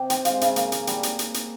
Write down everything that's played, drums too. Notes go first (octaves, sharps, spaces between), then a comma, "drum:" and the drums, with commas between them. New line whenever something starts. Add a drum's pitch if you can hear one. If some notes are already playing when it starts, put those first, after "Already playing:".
Already playing: C3 G4
C5 G5, drum: hi-hat
G#3 F5, drum: hi-hat
C#3 F5, drum: hi-hat
A#3 F5, drum: hi-hat
A#3, drum: hi-hat
G3, drum: hi-hat
drum: hi-hat
drum: hi-hat
drum: hi-hat